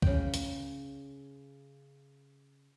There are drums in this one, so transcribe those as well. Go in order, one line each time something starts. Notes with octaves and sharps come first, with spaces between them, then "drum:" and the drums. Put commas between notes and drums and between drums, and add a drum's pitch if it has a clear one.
C#3 G5, drum: kick C2
drum: hi-hat